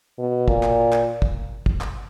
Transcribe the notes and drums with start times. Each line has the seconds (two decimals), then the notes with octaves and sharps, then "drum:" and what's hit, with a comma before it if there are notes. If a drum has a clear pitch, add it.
0.19 B2
0.48 A#2, drum: kick
0.63 drum: clap
0.92 drum: clap
1.22 drum: kick
1.66 drum: kick
1.81 drum: clap